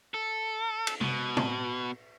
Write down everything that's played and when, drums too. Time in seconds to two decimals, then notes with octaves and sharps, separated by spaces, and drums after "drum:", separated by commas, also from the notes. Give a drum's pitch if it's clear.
0.14 A4
0.87 drum: cymbal
1.01 B2, drum: tom C3
1.37 drum: tom A2